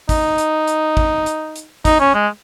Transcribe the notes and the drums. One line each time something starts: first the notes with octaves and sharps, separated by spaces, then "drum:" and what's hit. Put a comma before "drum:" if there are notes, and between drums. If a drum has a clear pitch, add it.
D#4, drum: kick, hi-hat
drum: hi-hat
drum: hi-hat
drum: kick
drum: hi-hat
drum: hi-hat
D#4, drum: kick, hi-hat
C#4
G#3